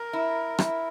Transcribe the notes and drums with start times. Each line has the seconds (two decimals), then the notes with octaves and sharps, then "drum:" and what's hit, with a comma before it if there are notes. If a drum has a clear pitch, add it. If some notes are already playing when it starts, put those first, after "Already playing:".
Already playing: A#4
0.13 E4
0.58 E4, drum: rim click